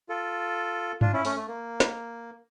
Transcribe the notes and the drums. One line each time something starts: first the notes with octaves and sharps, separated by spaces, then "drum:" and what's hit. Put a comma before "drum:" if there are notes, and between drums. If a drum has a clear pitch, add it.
F4 A4
D4 F4, drum: tom G2
C#4 E4
A3 C#4, drum: open hi-hat
A3
A#3
drum: snare